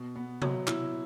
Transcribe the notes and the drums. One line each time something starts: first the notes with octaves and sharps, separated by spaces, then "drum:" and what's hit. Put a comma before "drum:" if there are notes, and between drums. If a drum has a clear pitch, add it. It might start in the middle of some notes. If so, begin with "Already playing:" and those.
Already playing: B2
B3
F#3, drum: tom C3
E4, drum: clap